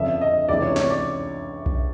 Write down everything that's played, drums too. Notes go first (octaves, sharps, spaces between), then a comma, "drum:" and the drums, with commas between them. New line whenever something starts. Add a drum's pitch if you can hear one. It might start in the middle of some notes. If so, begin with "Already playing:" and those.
Already playing: G1 F2 C#3 E5
D#5
C#2 C3 E3 D5
C#5
C#5, drum: snare
D5
drum: kick B1